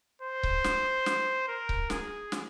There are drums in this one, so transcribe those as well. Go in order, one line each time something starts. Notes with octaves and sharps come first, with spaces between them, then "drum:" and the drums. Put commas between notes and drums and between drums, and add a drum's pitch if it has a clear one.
C5
drum: kick C#1
drum: snare
drum: snare
A#4
drum: kick C#1
G#4, drum: snare
drum: snare